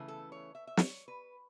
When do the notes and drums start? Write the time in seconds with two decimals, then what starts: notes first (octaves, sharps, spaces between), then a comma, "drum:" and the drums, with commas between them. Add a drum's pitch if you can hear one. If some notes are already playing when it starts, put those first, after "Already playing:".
Already playing: C#3 E3 A3
0.08 A4
0.32 C#5
0.55 E5
0.67 E5
0.77 C#5, drum: snare
1.08 B4